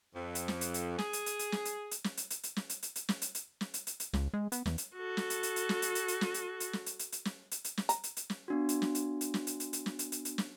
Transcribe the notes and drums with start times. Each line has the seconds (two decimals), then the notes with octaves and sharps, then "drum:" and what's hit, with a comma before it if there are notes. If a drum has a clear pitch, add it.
0.14 F2
0.35 drum: hi-hat
0.48 drum: snare
0.61 drum: hi-hat
0.74 drum: hi-hat
0.99 G#4, drum: snare
1.13 drum: hi-hat
1.26 drum: hi-hat
1.39 drum: hi-hat
1.52 drum: snare
1.65 drum: hi-hat
1.91 drum: hi-hat
2.04 drum: snare
2.17 drum: hi-hat
2.30 drum: hi-hat
2.43 drum: hi-hat
2.56 drum: snare
2.69 drum: hi-hat
2.83 drum: hi-hat
2.96 drum: hi-hat
3.09 drum: snare
3.22 drum: hi-hat
3.35 drum: hi-hat
3.61 drum: snare
3.74 drum: hi-hat
3.87 drum: hi-hat
4.00 drum: hi-hat
4.13 C#2, drum: snare
4.34 G#3
4.52 B3, drum: hi-hat
4.66 E2, drum: snare
4.78 drum: hi-hat
4.96 F#4 A4
5.17 drum: snare
5.30 drum: hi-hat
5.43 drum: hi-hat
5.56 drum: hi-hat
5.69 drum: snare
5.82 drum: hi-hat
5.95 drum: hi-hat
6.08 drum: hi-hat
6.21 drum: snare
6.34 drum: hi-hat
6.60 drum: hi-hat
6.73 drum: snare
6.86 drum: hi-hat
6.99 drum: hi-hat
7.12 drum: hi-hat
7.25 drum: snare
7.51 drum: hi-hat
7.64 drum: hi-hat
7.77 drum: snare
7.89 A#5, drum: hi-hat
8.04 drum: hi-hat
8.17 drum: hi-hat
8.30 drum: snare
8.48 B3 D4 F#4
8.69 drum: hi-hat
8.82 drum: snare
8.95 drum: hi-hat
9.21 drum: hi-hat
9.34 drum: snare
9.47 drum: hi-hat
9.60 drum: hi-hat
9.73 drum: hi-hat
9.86 drum: snare
9.99 drum: hi-hat
10.12 drum: hi-hat
10.25 drum: hi-hat
10.38 drum: snare